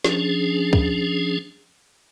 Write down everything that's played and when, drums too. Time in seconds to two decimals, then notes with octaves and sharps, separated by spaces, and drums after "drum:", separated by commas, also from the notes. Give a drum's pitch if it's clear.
0.05 F3 C#4 D4 G#4, drum: snare
0.73 drum: kick